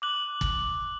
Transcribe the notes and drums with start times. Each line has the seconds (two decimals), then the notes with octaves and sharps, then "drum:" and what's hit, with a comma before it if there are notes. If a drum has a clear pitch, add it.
0.02 D6 F#6 F#7
0.41 drum: kick